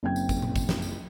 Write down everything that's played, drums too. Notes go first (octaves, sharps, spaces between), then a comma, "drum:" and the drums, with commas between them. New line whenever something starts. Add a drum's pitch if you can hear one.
F#1 C4 C#4 G5 G#6
drum: tambourine
drum: kick G#1, tambourine
drum: tom A#2
drum: kick G#1, tambourine
drum: snare
drum: tambourine